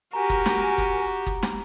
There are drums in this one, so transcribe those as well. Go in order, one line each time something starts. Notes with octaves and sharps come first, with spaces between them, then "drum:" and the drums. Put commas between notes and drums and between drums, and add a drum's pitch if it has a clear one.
F#4 G4 A#4 G#5 A#5
drum: kick F#1
drum: snare
drum: kick F#1
drum: kick F#1
drum: snare